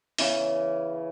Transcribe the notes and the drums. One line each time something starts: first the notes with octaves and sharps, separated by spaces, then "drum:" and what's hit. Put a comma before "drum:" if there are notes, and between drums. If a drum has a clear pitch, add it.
C#3 E3, drum: open hi-hat